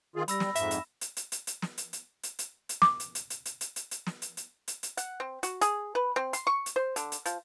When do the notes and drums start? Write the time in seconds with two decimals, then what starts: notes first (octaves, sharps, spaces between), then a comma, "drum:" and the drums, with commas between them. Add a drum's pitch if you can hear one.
0.16 D#3 F4 G#4
0.28 G3 B5 E6 A#6, drum: hi-hat
0.40 drum: snare
0.56 F2 G#2 E5 E7, drum: hi-hat
0.71 drum: hi-hat
1.01 drum: hi-hat
1.17 drum: hi-hat
1.32 drum: hi-hat
1.47 drum: hi-hat
1.62 drum: snare
1.78 drum: hi-hat
1.93 drum: hi-hat
2.23 drum: hi-hat
2.39 drum: hi-hat
2.69 drum: hi-hat
2.82 D6, drum: snare
3.00 drum: hi-hat
3.15 drum: hi-hat
3.30 drum: hi-hat
3.45 drum: hi-hat
3.61 drum: hi-hat
3.76 drum: hi-hat
3.91 drum: hi-hat
4.07 drum: snare
4.22 drum: hi-hat
4.37 drum: hi-hat
4.68 drum: hi-hat
4.83 drum: hi-hat
4.97 F#5, drum: hi-hat
5.20 C4
5.43 F#4, drum: hi-hat
5.61 G#4, drum: hi-hat
5.95 B4
6.16 C4
6.33 C6, drum: hi-hat
6.47 C#6
6.66 drum: hi-hat
6.76 C5
6.96 D3, drum: hi-hat
7.12 drum: hi-hat
7.26 F3, drum: hi-hat